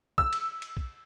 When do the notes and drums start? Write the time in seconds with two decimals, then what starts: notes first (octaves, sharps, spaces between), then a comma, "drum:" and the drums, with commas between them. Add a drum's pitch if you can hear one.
0.18 E6, drum: kick
0.33 drum: cymbal
0.62 drum: cymbal
0.77 drum: kick